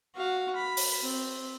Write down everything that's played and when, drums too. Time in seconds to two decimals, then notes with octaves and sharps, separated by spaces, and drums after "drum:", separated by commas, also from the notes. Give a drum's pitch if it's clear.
0.15 F#4 F5
0.55 B5
0.77 drum: open hi-hat
1.01 C4